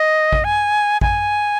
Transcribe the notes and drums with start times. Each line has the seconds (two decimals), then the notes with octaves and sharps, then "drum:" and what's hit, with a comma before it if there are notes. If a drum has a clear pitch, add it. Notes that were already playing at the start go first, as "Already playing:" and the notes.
Already playing: D#5
0.32 drum: kick A1
0.44 G#5
1.01 G#5, drum: kick A1